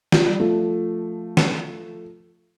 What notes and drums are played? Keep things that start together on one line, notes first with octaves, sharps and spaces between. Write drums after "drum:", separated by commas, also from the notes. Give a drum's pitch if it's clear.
F3, drum: snare
G3
F3 A3
drum: snare